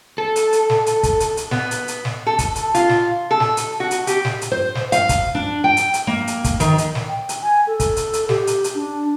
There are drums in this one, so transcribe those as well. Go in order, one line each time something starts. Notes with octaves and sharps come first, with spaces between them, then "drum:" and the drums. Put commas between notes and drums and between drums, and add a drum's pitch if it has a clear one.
A4
drum: hi-hat
drum: hi-hat
drum: snare
drum: hi-hat
drum: kick, hi-hat
drum: hi-hat
drum: hi-hat
B3, drum: snare
drum: hi-hat
drum: hi-hat
drum: snare
A4
drum: kick, hi-hat
drum: hi-hat
F4, drum: hi-hat
drum: snare
A4
drum: snare
drum: hi-hat
F#4
drum: hi-hat
G4, drum: hi-hat
drum: snare
drum: hi-hat
C5
drum: snare
F5, drum: hi-hat
drum: kick, hi-hat
D4
G5
drum: hi-hat
drum: hi-hat
A#3
drum: hi-hat
drum: kick, hi-hat
D#3, drum: hi-hat
drum: hi-hat
drum: snare
G5
drum: hi-hat
G#5
A4
drum: kick, hi-hat
drum: hi-hat
drum: hi-hat
G4, drum: snare
drum: hi-hat
drum: hi-hat
D4